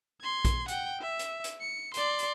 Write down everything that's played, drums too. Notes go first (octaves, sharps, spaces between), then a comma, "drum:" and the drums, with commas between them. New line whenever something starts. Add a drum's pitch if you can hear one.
C6 G#6
drum: kick A#1, hi-hat
F#5 G5, drum: hi-hat
E5
drum: hi-hat
drum: hi-hat
C#7
D5 C6, drum: hi-hat
drum: hi-hat